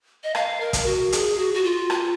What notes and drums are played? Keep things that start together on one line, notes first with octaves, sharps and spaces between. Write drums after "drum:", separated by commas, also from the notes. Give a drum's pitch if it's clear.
D#5
F5, drum: rim click
A#4
drum: kick, hi-hat
F#4
G#4, drum: hi-hat
F#4
F#4
F4
drum: rim click